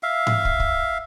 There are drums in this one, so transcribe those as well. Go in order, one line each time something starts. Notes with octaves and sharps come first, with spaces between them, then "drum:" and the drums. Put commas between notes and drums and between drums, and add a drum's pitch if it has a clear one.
E5 F5
drum: tom G#2
drum: kick
drum: kick